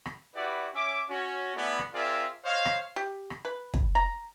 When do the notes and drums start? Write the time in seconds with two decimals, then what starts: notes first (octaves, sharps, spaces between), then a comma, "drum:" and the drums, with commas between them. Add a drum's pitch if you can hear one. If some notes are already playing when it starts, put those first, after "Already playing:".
0.06 drum: rim click
0.35 E4 F#4 G4 B4 D5 F#5
0.74 C#4 E5 D6
1.09 C#4 F#4
1.56 A3 B3 E4 G#4 D5 F#5
1.79 drum: rim click
1.94 C4 F4 G#4 A#4 D5 E5
2.45 C5 C#5 D#5 F5
2.65 drum: rim click
2.96 G4
3.30 drum: rim click
3.45 B4
3.74 drum: kick
3.95 A#5